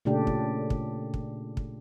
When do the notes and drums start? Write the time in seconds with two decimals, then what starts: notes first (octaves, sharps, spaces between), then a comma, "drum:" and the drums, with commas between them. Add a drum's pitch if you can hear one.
0.05 A#2 C#3 A3 D4 G4
0.27 drum: kick
0.70 drum: kick
1.14 drum: kick
1.57 drum: kick